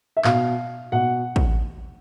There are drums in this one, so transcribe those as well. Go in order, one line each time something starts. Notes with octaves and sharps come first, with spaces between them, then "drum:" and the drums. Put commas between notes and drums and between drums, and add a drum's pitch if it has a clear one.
E5
B2 F5, drum: clap
B2 F#5
drum: kick